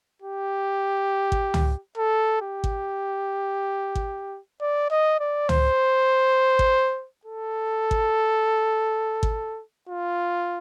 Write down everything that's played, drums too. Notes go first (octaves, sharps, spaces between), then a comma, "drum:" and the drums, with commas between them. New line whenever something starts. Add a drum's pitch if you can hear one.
G4
drum: kick G#1
drum: tom
A4
G4
drum: kick G#1
drum: kick G#1
D5
D#5
D5
C5, drum: tom
drum: kick G#1
A4
drum: kick G#1
drum: kick G#1
F4